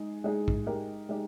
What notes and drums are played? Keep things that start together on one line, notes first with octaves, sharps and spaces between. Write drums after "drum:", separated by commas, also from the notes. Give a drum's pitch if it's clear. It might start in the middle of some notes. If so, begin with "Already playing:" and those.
Already playing: G#3 D#4 G#4
G#3 D#4 G#4
drum: kick
G#3 D#4 G4 A#4
G#3 D#4 G4